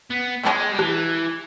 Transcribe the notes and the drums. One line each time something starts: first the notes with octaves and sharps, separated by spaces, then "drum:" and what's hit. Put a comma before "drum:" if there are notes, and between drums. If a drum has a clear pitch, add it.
B3
G#3, drum: clap
G3
E3, drum: rim click